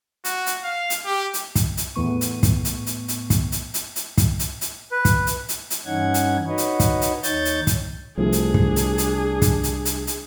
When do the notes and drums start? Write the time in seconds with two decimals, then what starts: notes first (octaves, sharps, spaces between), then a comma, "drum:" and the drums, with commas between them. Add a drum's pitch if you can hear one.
0.25 F#4, drum: hi-hat
0.46 drum: hi-hat
0.64 F5
0.90 drum: hi-hat
1.05 G4
1.34 drum: hi-hat
1.55 drum: kick, hi-hat
1.77 drum: hi-hat
1.95 E2 A2 E3 B3 C#6 D#7
2.21 drum: hi-hat
2.43 drum: kick, hi-hat
2.65 drum: hi-hat
2.86 drum: hi-hat
3.08 drum: hi-hat
3.30 drum: kick, hi-hat
3.52 drum: hi-hat
3.74 drum: hi-hat
3.96 drum: hi-hat
4.18 drum: kick, hi-hat
4.39 drum: hi-hat
4.61 drum: hi-hat
4.91 B4
5.05 drum: kick, hi-hat
5.27 drum: hi-hat
5.49 drum: hi-hat
5.70 drum: hi-hat
5.85 G2 E3 C#4 D#4 F#5 G#6
6.14 drum: hi-hat
6.47 D#4 F#4 B4 C#5 D#5
6.58 drum: hi-hat
6.80 drum: kick, hi-hat
7.01 drum: hi-hat
7.23 D#2 D#4 C#5 G6 A6, drum: hi-hat
7.45 drum: hi-hat
7.67 drum: kick, hi-hat
8.18 C2 F3 A3 D4 G#4
8.32 drum: hi-hat
8.54 drum: kick
8.76 drum: hi-hat
8.98 drum: hi-hat
9.42 drum: kick, hi-hat
9.63 drum: hi-hat
9.85 drum: hi-hat
10.07 drum: hi-hat